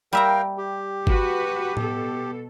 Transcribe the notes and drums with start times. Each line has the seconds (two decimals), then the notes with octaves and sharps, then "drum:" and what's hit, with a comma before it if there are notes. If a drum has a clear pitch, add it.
0.13 G3 A#4 E5 F5 G5 A#5
0.58 G4
1.07 F#4 B4, drum: kick G1
1.77 B2 A4, drum: tom A2